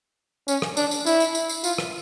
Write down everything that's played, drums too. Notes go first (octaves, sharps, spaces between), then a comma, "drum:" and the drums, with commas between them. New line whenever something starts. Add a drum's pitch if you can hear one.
C#4, drum: tambourine
drum: rim click
D4, drum: tambourine
drum: tambourine
E4, drum: tambourine
drum: tambourine
drum: tambourine
drum: tambourine
F4, drum: tambourine
drum: rim click